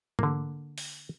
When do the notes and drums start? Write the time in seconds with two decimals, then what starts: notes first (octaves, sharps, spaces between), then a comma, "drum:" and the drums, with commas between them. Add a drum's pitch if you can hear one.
0.19 D3 A#3, drum: tom
0.78 drum: open hi-hat